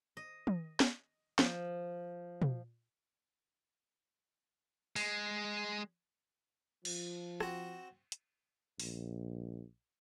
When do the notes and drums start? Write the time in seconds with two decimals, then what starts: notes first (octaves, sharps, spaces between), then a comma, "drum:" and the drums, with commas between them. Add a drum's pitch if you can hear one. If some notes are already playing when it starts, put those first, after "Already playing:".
0.17 D#5
0.47 drum: tom
0.80 drum: snare
1.39 F3, drum: snare
2.42 drum: tom
4.96 G#3, drum: open hi-hat
6.85 F3, drum: cymbal
7.40 C4 F#4, drum: rim click
8.12 drum: hi-hat
8.80 A#1, drum: open hi-hat